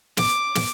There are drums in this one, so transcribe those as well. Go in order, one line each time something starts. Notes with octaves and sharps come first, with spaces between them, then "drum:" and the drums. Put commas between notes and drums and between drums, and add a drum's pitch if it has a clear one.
D6, drum: snare
drum: snare